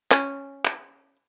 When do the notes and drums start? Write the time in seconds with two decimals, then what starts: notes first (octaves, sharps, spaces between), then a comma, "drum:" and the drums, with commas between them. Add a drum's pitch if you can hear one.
0.11 C#4, drum: clap
0.65 drum: clap